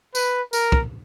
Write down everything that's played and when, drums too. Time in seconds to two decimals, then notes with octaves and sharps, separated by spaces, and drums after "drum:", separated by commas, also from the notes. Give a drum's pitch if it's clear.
0.15 B4, drum: tambourine
0.53 A#4, drum: tambourine
0.72 drum: kick